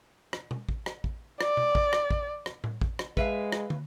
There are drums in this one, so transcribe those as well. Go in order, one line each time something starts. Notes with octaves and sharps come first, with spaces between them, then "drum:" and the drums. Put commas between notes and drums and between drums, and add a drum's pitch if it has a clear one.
drum: rim click
drum: tom B2
drum: kick
drum: rim click
drum: kick
D5, drum: rim click
drum: tom B2
drum: kick
drum: rim click
drum: kick
drum: rim click
drum: tom A2
drum: kick
drum: rim click
G#3 B4 E5 F5, drum: kick
drum: rim click
drum: tom